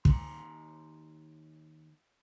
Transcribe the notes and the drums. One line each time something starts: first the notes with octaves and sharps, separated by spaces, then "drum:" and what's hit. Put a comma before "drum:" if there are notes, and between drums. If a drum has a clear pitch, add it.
D#2 A#5 C6, drum: kick